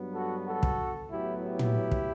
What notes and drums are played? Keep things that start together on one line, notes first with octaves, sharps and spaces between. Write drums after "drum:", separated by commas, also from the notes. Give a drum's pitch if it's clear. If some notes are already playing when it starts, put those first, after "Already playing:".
Already playing: G2 F#3 B3
F#4 A4
F#4 A4
drum: kick
A2 F#3 B3 E4 G4
E4 G4
drum: tom
drum: kick